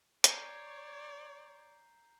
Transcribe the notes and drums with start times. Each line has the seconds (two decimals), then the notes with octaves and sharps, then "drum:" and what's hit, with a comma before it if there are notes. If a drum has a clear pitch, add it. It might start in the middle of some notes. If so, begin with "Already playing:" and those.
0.24 C#5 D5 A#5 G6 C7, drum: hi-hat